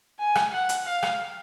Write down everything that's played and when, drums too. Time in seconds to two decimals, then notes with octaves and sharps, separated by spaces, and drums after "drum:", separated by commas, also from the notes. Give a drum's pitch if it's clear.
0.19 G#5
0.35 drum: rim click
0.52 F#5
0.69 drum: hi-hat
0.86 F5
1.03 drum: rim click